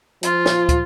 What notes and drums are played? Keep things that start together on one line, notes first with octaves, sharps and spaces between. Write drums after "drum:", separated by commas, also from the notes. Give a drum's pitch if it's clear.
F3 F4, drum: hi-hat
drum: snare
drum: kick, hi-hat